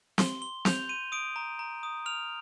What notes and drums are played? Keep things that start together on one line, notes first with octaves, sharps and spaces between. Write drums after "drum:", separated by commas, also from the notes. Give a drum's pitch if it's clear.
C6 G7, drum: snare C4
C6 G7
G6 F7, drum: snare C4
C6 D#7
D#6 D7
A#5
A#5
D#6
F6 F7